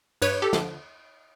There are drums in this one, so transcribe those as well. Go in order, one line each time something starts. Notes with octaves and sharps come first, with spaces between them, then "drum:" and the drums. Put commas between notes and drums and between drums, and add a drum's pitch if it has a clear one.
G2 B4 C#5, drum: cymbal
G4 A4
D3 F3, drum: snare